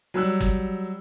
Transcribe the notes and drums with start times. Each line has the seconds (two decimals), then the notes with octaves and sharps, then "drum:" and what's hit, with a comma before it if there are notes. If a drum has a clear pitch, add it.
0.14 F#3 G3 E6 F#6
0.41 drum: kick